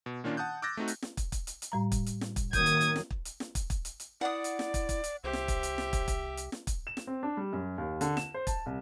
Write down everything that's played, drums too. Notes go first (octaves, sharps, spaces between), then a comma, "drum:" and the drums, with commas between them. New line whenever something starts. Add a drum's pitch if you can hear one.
B2
A#2 D#3 A#3 C#4 D4 F4
F#5 A5 D#6 F#6 G6
D6 E6 F#6 G6 A6 A#6
A3 C4 D#4 F#4
drum: hi-hat
drum: snare
drum: kick, hi-hat
drum: kick, hi-hat
drum: hi-hat
drum: hi-hat
A2 G3 A#5
drum: kick, hi-hat
drum: hi-hat
drum: snare
drum: kick, hi-hat
D#3 F#3 A#3 D#6 G6 G#6, drum: kick, hi-hat
drum: hi-hat
drum: hi-hat
drum: snare
drum: kick
drum: hi-hat
drum: snare
drum: kick, hi-hat
drum: kick, hi-hat
drum: hi-hat
drum: hi-hat
E4 D5 F#5 D#6
drum: hi-hat
drum: snare
drum: kick, hi-hat
drum: kick, hi-hat
drum: hi-hat
C2 G4 C5 E5
drum: snare
drum: kick, hi-hat
drum: hi-hat
drum: snare
drum: kick, hi-hat
drum: kick, hi-hat
drum: hi-hat
drum: snare
drum: kick, hi-hat
E7
drum: snare
C4
D4
G3
F#2
D#2
D3, drum: hi-hat
E7, drum: snare
C5
A5, drum: kick, hi-hat
C2